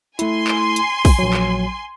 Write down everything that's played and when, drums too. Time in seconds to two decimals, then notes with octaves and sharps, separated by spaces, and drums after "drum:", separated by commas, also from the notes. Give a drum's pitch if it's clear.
0.19 A3 E4 G#5 C6, drum: hi-hat
0.48 drum: clap
0.76 drum: hi-hat
1.05 drum: kick, open hi-hat
1.19 A#1 F#3
1.33 drum: clap